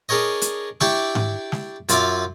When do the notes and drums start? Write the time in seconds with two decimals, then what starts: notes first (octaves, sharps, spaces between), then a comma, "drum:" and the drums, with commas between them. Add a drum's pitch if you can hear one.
0.09 D4 G#4 A#4 C#5 D#5
0.42 drum: hi-hat
0.80 D4 E4 G4 D5 E5 C#6, drum: snare
1.15 drum: tom G#2
1.52 drum: snare
1.89 F#2 F4 D5 E5 F5 D6, drum: hi-hat